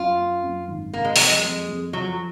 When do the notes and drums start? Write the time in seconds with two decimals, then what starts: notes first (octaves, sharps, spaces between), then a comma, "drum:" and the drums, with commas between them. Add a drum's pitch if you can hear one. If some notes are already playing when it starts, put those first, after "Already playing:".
Already playing: F#2 F4
0.18 A#3
0.43 F#2
0.68 G#1
0.93 C3 A#3
1.04 G#3
1.16 F2 F#3, drum: open hi-hat
1.26 G#3
1.43 F2
1.68 F2
1.93 F3 F#3